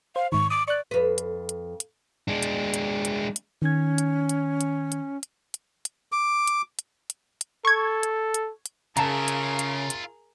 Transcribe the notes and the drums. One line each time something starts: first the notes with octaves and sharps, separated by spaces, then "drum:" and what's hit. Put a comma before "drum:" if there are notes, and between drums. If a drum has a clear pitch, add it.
C5 F5
G#2 D#3 C#6
D6 D#6
D5 C#6 F#6
F2 B4
drum: hi-hat
drum: hi-hat
drum: hi-hat
G#3 D4
drum: hi-hat
drum: hi-hat
drum: hi-hat
drum: hi-hat
D#3 C#4 G#6
drum: hi-hat
drum: hi-hat
drum: hi-hat
drum: hi-hat
drum: hi-hat
drum: hi-hat
drum: hi-hat
D6
drum: hi-hat
drum: hi-hat
drum: hi-hat
drum: hi-hat
A4 C#6 G#6
drum: hi-hat
drum: hi-hat
drum: hi-hat
C#3 F4 G#4 A#4 E5 A5 A#5, drum: hi-hat
drum: hi-hat
drum: hi-hat
drum: hi-hat